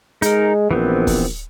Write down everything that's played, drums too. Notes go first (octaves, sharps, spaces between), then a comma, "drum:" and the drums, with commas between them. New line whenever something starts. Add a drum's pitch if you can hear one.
G#3 D#4 A#4, drum: hi-hat
A#1 E3 B3 C4
drum: kick, open hi-hat